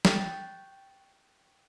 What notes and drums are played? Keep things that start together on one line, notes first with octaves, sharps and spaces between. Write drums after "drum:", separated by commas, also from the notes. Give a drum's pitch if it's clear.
G5 C#6 F#6 A6 B6, drum: snare